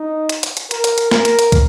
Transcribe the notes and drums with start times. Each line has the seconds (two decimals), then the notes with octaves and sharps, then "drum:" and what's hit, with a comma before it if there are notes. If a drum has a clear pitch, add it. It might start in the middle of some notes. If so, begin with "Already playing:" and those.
Already playing: D#4
0.29 drum: hi-hat
0.43 drum: hi-hat
0.57 drum: hi-hat
0.71 A#4, drum: hi-hat
0.84 drum: hi-hat
0.98 drum: hi-hat
1.11 A#4, drum: snare
1.25 drum: hi-hat
1.39 drum: hi-hat
1.52 drum: kick, hi-hat